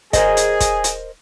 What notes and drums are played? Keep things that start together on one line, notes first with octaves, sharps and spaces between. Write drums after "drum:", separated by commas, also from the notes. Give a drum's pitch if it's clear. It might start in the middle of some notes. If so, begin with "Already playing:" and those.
G#4 A#4 C5 D#5, drum: kick, hi-hat
drum: hi-hat
drum: kick, hi-hat
drum: hi-hat